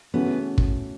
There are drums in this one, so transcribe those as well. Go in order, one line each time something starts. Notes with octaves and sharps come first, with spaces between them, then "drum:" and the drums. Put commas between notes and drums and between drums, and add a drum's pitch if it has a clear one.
C#3 E3 A3 B3 C#4 F#4
drum: kick